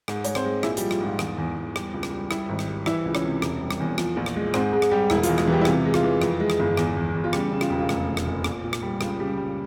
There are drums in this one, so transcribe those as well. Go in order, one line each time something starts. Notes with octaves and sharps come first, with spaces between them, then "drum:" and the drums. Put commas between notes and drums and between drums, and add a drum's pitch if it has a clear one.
G#2, drum: rim click
G#3 C#5, drum: hi-hat
C4 C5, drum: rim click
G#3
A#1 E4 E5, drum: rim click
G3 G4, drum: hi-hat
F3
F4, drum: rim click
G#2 F4
E2, drum: rim click
E2
E2
G3, drum: rim click
C#2
drum: rim click
G3
G3 E4, drum: rim click
G#1
drum: rim click
G3
E3 E4 E5, drum: rim click
C#2
C#4 C#5, drum: rim click
C3
E1, drum: rim click
G3
drum: rim click
E2
F3, drum: rim click
A#1
drum: rim click
G#3
G#2 C4 C5, drum: rim click
G#2 G#3 G#4
drum: rim click
G3 G4
E1 E4, drum: rim click
F4, drum: hi-hat
E2
G#3 G#4, drum: rim click
E3 G3 G4
E4
C3 F4, drum: rim click
G#3
F4, drum: rim click
E3
F2, drum: rim click
G#3
drum: rim click
G1
E2, drum: rim click
E2
E2
F4
C#3 G3 G4, drum: rim click
C#3
F4, drum: rim click
E1 G4
F4
F1, drum: rim click
F1
drum: rim click
F1
A#1, drum: rim click
A#2
drum: rim click
G3
C#2 F4, drum: rim click
C#3 G3 G4
G3